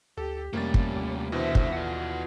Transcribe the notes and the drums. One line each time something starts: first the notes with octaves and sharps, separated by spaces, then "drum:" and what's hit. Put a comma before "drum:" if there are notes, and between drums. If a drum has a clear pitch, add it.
D2 G4 A4
F2 C3 G3 A3 A#3 C#4 A6
drum: kick
D#2
C2 B2 D3 E3 C5 E5
drum: kick
F4 D5 F#5